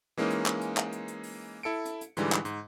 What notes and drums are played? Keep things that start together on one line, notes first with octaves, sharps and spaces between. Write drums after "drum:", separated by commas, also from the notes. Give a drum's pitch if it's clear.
E3 G#3 A#3 C#4 D#4
drum: hi-hat
drum: clap
drum: hi-hat
drum: clap
drum: hi-hat
drum: hi-hat
drum: open hi-hat
E4 A4 C#7 D7
drum: hi-hat
drum: hi-hat
G#2 D3 E3 G3 G#3, drum: hi-hat
drum: clap
G#2, drum: hi-hat